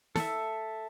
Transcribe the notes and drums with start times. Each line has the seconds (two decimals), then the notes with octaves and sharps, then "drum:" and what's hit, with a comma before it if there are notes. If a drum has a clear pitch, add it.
0.16 A4 E5, drum: snare